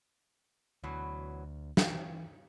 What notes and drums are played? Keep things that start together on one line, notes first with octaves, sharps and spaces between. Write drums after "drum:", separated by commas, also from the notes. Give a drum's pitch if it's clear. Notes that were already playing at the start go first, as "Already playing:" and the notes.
D2 B2 E3 F#3
E3 G5, drum: snare